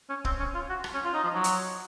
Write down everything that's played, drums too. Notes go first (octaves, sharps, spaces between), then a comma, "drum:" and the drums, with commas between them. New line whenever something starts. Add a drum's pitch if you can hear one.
C#4
C4, drum: kick
C#4
F4
F#4
drum: rim click
C#4
F4
D#4
F3
F#3
drum: hi-hat